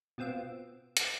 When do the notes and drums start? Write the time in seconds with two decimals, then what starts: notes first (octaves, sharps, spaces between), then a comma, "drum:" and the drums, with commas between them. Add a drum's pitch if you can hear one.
0.18 B2 B3 C4 F4 E6 D7
0.97 drum: hi-hat